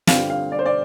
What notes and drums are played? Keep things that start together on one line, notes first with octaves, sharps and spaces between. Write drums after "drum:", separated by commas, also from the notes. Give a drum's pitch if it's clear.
G2 D3 G3 C4 F4 F5, drum: snare
F5
D5
C5
D5